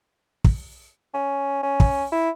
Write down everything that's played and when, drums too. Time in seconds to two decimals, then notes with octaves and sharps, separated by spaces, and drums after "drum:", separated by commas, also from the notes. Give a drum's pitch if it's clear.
0.44 drum: kick
1.14 C#4
1.63 C#4
1.80 drum: kick
2.12 E4